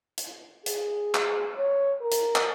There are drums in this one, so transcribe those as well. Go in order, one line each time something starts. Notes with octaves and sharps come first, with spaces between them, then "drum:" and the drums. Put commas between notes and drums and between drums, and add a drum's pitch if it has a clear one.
drum: hi-hat
G#4, drum: hi-hat
drum: clap
C#5
A#4
drum: hi-hat
drum: clap